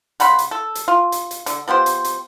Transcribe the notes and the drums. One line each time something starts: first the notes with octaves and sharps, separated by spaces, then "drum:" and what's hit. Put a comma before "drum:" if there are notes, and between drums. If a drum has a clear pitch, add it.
C#3 F#5 B5 C6, drum: hi-hat
drum: hi-hat
A4
drum: hi-hat
F4
drum: hi-hat
drum: hi-hat
D3, drum: hi-hat
F3 B3 G4 C5
drum: hi-hat
drum: hi-hat